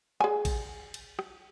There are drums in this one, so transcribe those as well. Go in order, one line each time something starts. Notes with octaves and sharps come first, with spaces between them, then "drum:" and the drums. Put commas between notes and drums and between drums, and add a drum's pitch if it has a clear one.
G#4 G#5, drum: rim click
drum: kick A1, cymbal
drum: cymbal
drum: rim click